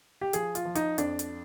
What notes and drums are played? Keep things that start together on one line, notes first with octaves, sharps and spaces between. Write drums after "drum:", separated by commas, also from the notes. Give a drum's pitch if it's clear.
G4
F3 G#4, drum: hi-hat
F4, drum: hi-hat
F3
D#4, drum: hi-hat
F2 D4, drum: hi-hat
drum: hi-hat